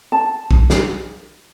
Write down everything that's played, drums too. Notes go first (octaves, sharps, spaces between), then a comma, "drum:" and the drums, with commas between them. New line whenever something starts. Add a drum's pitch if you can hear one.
A5
drum: kick B1
drum: snare